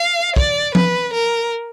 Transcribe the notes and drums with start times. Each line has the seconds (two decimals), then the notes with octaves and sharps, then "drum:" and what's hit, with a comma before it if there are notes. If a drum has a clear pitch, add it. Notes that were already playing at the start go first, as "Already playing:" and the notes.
Already playing: F5
0.36 D5, drum: kick
0.75 B4, drum: tom F3
1.13 A#4